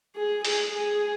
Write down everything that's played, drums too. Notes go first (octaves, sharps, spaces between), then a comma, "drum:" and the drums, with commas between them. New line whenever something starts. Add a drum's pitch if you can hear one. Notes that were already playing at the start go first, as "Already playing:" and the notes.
G#4
G#4, drum: open hi-hat
G#4